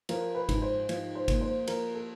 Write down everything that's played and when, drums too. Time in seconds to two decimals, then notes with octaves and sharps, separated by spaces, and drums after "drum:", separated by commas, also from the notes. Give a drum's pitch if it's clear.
0.09 F3 A#4, drum: cymbal
0.35 B4
0.49 G#2, drum: kick G1, cymbal
0.62 C5
0.89 F3, drum: cymbal
1.15 C5
1.28 A#3, drum: kick G1, cymbal
1.41 C5
1.68 F3 A#4, drum: cymbal
1.95 A4